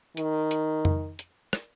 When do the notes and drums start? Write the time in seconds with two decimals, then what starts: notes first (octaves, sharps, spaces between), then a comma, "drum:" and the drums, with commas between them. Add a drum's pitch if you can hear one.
0.17 D#3, drum: hi-hat
0.51 drum: hi-hat
0.85 drum: tom F2
1.19 drum: hi-hat
1.53 drum: rim click